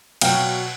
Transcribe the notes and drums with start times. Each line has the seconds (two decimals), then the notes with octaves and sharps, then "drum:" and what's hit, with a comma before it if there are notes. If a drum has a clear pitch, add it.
0.21 B2 F#3 F5 G5, drum: cymbal